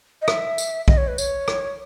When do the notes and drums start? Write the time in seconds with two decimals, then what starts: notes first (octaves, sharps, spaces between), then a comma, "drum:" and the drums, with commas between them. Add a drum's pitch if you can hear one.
0.22 D#5
0.28 E5, drum: rim click
0.58 drum: tambourine
0.88 D#5, drum: kick B1
0.97 C#5
1.08 B4
1.18 C#5, drum: tambourine
1.48 drum: rim click